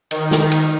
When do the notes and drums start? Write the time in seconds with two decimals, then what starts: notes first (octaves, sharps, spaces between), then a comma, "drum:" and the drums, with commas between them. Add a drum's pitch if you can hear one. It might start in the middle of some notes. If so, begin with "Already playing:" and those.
0.11 D#3, drum: cymbal
0.31 drum: snare
0.52 drum: cymbal